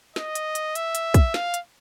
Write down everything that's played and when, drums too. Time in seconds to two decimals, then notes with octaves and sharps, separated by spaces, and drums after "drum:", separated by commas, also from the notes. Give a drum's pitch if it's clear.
0.16 D#5, drum: snare
0.35 drum: hi-hat
0.55 drum: hi-hat
0.75 E5, drum: hi-hat
0.95 drum: hi-hat
1.14 drum: kick, hi-hat
1.34 F5, drum: snare
1.54 drum: hi-hat